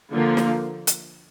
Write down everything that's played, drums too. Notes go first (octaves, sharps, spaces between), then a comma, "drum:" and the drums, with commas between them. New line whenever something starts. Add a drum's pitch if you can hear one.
D3 F3 A#3
drum: snare
drum: hi-hat